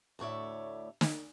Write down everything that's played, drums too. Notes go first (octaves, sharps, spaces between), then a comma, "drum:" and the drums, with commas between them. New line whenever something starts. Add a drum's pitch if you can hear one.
D2 A2 C#5 D5 E5
drum: snare